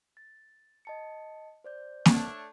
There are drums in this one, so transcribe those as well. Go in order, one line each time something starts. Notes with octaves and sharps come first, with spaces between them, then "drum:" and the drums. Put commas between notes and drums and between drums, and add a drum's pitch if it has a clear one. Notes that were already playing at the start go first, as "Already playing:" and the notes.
A6
D#5 A5 C#7
C5 D5 G6
A3 D4 C#5, drum: snare A#3